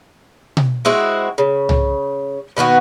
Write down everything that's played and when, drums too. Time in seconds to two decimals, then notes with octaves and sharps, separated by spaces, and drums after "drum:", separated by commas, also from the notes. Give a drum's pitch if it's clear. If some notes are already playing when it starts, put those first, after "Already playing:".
0.57 drum: tom B2
0.85 G#3 C4 E4 F#4
1.38 C#3
1.69 drum: tom C2
2.57 B2 D#3 B3 F#4